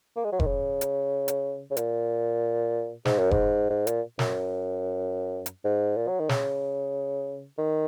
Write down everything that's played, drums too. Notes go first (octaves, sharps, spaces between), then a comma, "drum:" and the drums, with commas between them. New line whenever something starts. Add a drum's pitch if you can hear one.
A#3
G#3
F#3
D#3, drum: kick F1
C#3
drum: hi-hat
drum: hi-hat
C#3
A#2, drum: hi-hat
G#2, drum: snare
F#2
G#2, drum: kick F1
G#2
A#2, drum: hi-hat
F#2, drum: snare
drum: hi-hat
G#2
A#2
F#3
D#3
C#3, drum: snare
D#3